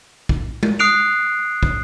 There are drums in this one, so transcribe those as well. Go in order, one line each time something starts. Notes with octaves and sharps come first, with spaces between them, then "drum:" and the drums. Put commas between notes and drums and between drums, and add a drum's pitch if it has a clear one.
drum: kick
drum: tom G#3
D#6 F#6 C7 D7 F7
drum: kick